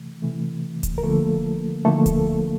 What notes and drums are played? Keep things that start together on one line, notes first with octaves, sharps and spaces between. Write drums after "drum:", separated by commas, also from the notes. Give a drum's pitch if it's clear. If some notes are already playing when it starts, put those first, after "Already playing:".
Already playing: C3 E3 A3
C3 E3 A3
drum: kick D1, hi-hat
A#4
D3 F3 A3 A#3 A4
D3 F3 A3 A#3 A4
drum: kick D1, hi-hat